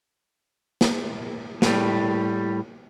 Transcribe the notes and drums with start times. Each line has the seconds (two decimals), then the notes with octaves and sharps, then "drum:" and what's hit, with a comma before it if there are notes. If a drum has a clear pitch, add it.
0.81 drum: snare
1.62 A2 G3, drum: snare